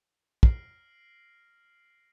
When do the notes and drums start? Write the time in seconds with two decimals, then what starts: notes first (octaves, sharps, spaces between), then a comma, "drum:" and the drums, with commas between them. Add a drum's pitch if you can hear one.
0.43 F6 A#6 C7 D7 F#7, drum: kick